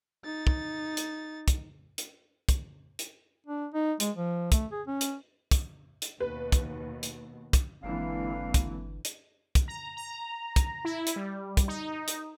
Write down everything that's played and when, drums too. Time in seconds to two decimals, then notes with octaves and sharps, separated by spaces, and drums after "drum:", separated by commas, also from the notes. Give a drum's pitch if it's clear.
0.24 D#4 A6
0.47 drum: kick
0.97 drum: hi-hat
1.48 drum: kick, hi-hat
1.98 drum: hi-hat
2.49 drum: kick, hi-hat
2.99 drum: hi-hat
3.46 D4
3.74 D#4
4.00 G#3, drum: hi-hat
4.16 F3
4.52 A3, drum: kick, hi-hat
4.71 G#4
4.87 C#4
5.01 drum: hi-hat
5.51 drum: kick, hi-hat
6.02 drum: hi-hat
6.20 D#2 B2 B4
6.52 drum: kick, hi-hat
7.03 drum: hi-hat
7.53 drum: kick, hi-hat
7.83 G1 D3 E3 G#3 A#3 C4 F5
8.54 drum: kick, hi-hat
9.05 drum: hi-hat
9.55 drum: kick, hi-hat
9.68 A#5
9.97 A#5
10.56 drum: kick, hi-hat
10.85 E4
11.07 drum: hi-hat
11.16 G3
11.57 drum: kick, hi-hat
11.68 D#4
12.08 drum: hi-hat